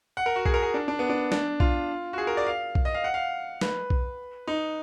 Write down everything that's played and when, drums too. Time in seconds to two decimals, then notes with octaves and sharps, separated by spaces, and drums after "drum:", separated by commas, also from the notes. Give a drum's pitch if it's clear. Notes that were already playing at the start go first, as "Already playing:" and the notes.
0.17 F#5
0.26 A#4
0.36 F#4
0.46 G#4, drum: kick B1
0.54 A#4
0.62 G#4
0.74 D4
0.88 D4
0.99 B3
1.10 D4
1.32 D4, drum: snare
1.60 F4, drum: kick B1
2.13 F#4
2.18 G#4
2.27 A#4
2.37 D5
2.47 F5
2.75 drum: kick B1
2.85 D#5
2.95 F5
3.04 F#5
3.14 F5
3.61 B4, drum: snare
3.90 drum: kick B1
4.48 D#4